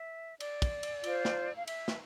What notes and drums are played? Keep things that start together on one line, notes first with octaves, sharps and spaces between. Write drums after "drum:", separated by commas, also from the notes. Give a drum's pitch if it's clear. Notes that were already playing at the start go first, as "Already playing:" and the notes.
Already playing: E5
D5, drum: cymbal
drum: kick, cymbal
drum: cymbal
F4 C5, drum: cymbal
drum: snare
F5
E5, drum: cymbal
drum: snare